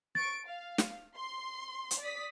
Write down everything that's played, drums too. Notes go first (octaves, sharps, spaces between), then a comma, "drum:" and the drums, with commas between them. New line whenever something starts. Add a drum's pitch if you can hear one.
C#6 A6 D7
F5
drum: snare
C6
drum: hi-hat
D5 D#6 B6